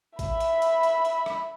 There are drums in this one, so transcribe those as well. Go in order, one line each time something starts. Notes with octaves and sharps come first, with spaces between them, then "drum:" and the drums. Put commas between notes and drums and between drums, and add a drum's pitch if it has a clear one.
E5 B5, drum: kick A1, hi-hat
drum: hi-hat
drum: hi-hat
drum: hi-hat
drum: hi-hat
drum: rim click